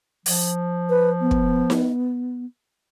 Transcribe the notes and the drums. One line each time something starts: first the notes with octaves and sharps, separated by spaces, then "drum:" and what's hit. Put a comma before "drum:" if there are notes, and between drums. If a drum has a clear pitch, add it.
F3, drum: open hi-hat
B4
B3
drum: kick
drum: snare D#4